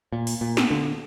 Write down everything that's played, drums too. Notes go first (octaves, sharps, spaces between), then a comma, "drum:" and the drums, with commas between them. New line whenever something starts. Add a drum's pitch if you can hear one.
A#2
drum: open hi-hat
A#2
drum: snare
D3